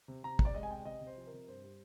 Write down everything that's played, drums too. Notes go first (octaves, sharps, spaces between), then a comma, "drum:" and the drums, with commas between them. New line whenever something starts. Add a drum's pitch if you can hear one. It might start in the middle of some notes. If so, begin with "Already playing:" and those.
C3
C3 A#5
C3, drum: kick
D5
G#3 D#5
G#5
C3 G5
C3 D#5
C3
C5
F3
A#4
C3
G2 C5
G3